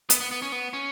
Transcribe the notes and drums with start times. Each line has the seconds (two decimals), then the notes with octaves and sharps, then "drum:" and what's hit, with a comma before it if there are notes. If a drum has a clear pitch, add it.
0.10 B3, drum: hi-hat
0.20 B3
0.31 B3
0.42 C#4
0.52 B3
0.73 C#4